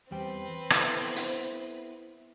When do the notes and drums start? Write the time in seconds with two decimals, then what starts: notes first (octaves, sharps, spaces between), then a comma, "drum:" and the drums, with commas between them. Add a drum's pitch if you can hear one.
0.11 E2 G3 C4 B4 G5
0.70 B3 E4 A4, drum: rim click
1.16 drum: hi-hat